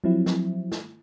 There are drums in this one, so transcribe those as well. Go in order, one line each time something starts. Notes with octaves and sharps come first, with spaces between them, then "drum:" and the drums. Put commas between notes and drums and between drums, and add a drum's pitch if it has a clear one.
F3 F#3 C4 E4
drum: snare
drum: snare